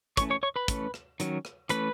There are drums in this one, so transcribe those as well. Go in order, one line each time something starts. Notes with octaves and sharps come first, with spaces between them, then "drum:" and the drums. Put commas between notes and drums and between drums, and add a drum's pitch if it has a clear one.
E3 A3 C#4 C#5 C#6, drum: kick, hi-hat
C#5 C#6
C#5 C#6
B4 B5
E3 A3 C#4, drum: kick, hi-hat
drum: rim click
D#3 F#3 C#4, drum: hi-hat
drum: rim click
E3 A3 C#4 B4 B5, drum: hi-hat